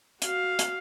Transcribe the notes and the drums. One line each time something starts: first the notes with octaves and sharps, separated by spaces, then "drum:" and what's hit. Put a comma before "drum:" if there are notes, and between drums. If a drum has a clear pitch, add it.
F#4 F5, drum: hi-hat
drum: hi-hat